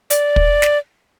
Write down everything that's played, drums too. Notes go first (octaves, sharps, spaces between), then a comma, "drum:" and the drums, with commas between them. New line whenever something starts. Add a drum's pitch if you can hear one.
D5, drum: hi-hat
drum: kick
drum: snare